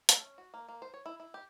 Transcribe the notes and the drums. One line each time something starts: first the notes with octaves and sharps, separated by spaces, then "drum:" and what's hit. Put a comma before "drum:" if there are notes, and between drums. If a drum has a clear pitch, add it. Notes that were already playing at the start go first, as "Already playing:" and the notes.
A3, drum: hi-hat
C#4
F#4
A#3
A#3
C5
C#5
E4
E4
G4